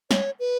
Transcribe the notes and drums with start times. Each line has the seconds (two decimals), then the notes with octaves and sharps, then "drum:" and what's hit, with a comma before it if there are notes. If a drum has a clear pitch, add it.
0.11 C#5, drum: snare
0.39 B4